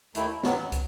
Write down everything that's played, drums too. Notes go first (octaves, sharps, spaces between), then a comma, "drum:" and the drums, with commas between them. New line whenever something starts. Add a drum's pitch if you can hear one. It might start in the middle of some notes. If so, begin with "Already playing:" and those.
D#2 D#3 A3 E4, drum: hi-hat
F#2 D#3 F#3 B3, drum: snare
drum: kick, hi-hat